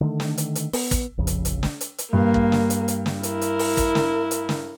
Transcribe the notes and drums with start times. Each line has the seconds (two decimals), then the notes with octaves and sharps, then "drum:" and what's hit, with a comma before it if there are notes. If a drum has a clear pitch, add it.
0.01 D3 D#3 A3
0.20 drum: snare
0.38 drum: hi-hat
0.55 drum: hi-hat
0.73 B3, drum: open hi-hat
0.91 drum: kick, hi-hat
1.18 F1 A#1 F2 C#3
1.27 drum: hi-hat
1.45 drum: hi-hat
1.63 drum: snare
1.81 drum: hi-hat
1.98 drum: hi-hat
2.13 G2 A#3
2.34 drum: kick
2.52 drum: snare
2.70 drum: hi-hat
2.88 drum: hi-hat
3.06 drum: snare
3.23 E4 A#4, drum: hi-hat
3.41 drum: hi-hat
3.59 drum: open hi-hat
3.77 drum: kick, hi-hat
3.95 drum: snare
4.31 drum: hi-hat
4.49 drum: snare